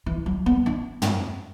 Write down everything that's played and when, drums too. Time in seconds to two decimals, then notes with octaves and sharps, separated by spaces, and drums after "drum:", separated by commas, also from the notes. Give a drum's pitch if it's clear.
0.06 E3
0.26 F#3
0.46 B3
0.66 D4
1.02 drum: tom